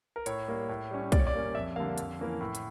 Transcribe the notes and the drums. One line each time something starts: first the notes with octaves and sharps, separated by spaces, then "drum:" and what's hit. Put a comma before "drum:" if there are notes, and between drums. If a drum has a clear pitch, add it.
A#4
A2 C#5, drum: hi-hat
G3 A#3
A2
G3 C#4
A#2 D5, drum: kick, hi-hat
C#5
D5
G3 A#3 C#4
F2 E5
D3 G3 A#3 F5
F2, drum: hi-hat
E3 A#3 C#4
A2
drum: hi-hat